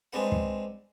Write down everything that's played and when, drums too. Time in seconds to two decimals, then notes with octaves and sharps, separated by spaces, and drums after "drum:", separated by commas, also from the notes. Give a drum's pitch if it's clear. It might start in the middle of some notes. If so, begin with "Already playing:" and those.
0.13 G#3 C4 D4 B4 F#5
0.32 drum: kick